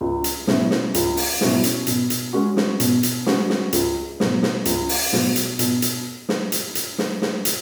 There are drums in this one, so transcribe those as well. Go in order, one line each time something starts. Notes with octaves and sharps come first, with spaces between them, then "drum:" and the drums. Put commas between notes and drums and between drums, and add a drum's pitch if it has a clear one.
C#2
drum: hi-hat
B2 F#3 C#4 E4, drum: snare
drum: snare
C#2, drum: hi-hat
drum: open hi-hat
B2 F#3 C#4 E4, drum: snare
drum: hi-hat
B2, drum: hi-hat
drum: hi-hat
G#3 C#4 F#4
drum: snare
B2, drum: hi-hat
drum: hi-hat
G#3 C#4 F#4, drum: snare
drum: snare
C#2, drum: hi-hat
B2 F#3, drum: snare
drum: snare
C#2, drum: hi-hat
drum: open hi-hat
B2 F#3, drum: snare
drum: hi-hat
B2, drum: hi-hat
drum: hi-hat
drum: snare
drum: hi-hat
drum: hi-hat
drum: snare
drum: snare
drum: hi-hat